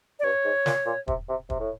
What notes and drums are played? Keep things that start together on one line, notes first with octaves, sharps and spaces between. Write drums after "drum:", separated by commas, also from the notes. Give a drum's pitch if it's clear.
D5
G2 C#5
G#2
A#2, drum: snare
A#2
C3, drum: kick
C3
C3, drum: kick
A2